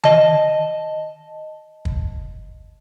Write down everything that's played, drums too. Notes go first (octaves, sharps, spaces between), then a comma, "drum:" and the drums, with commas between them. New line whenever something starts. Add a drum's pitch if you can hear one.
D#5 A5, drum: tom D#3
drum: kick